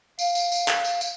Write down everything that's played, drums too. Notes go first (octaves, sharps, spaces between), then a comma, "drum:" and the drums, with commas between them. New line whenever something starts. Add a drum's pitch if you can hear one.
F5, drum: tambourine
drum: tambourine
drum: tambourine
drum: clap
drum: tambourine
drum: tambourine